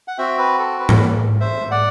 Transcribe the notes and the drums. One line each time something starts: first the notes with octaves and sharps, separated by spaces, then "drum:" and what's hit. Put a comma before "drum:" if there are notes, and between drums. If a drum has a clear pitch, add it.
F#5
C4 F#4 E5 G5
B4
A4
B4
drum: tom G#2
C5 E5
D5 F#5